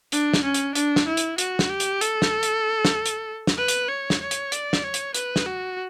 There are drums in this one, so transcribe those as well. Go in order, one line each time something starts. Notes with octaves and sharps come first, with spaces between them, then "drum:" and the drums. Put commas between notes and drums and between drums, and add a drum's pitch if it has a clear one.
D4, drum: hi-hat
drum: snare
C#4
drum: hi-hat
D4, drum: hi-hat
drum: snare
E4
drum: hi-hat
F#4, drum: hi-hat
drum: snare
G4
drum: hi-hat
A4, drum: hi-hat
drum: snare
drum: hi-hat
drum: snare
drum: hi-hat
drum: snare
B4
drum: hi-hat
C#5
drum: snare
C#5
drum: hi-hat
D5, drum: hi-hat
drum: snare
C#5
drum: hi-hat
B4, drum: hi-hat
drum: snare
F#4